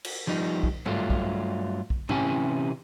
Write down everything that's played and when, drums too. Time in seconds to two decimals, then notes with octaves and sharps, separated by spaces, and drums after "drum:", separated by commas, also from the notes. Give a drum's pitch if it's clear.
0.05 drum: cymbal
0.27 F3 G3 D#4
0.63 drum: kick
0.86 G2 F#3 A3 F4, drum: tom G#2
1.10 drum: kick
1.90 drum: kick
2.09 C3 E3 C#4 E4 G4 G#5, drum: tom G#2